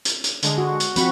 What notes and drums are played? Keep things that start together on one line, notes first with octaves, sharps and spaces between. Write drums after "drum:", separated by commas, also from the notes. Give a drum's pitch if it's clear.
drum: hi-hat
drum: hi-hat
D3 G#3, drum: hi-hat
F#4
drum: hi-hat
F3 C4 F#4 B5 C#6 F#6, drum: hi-hat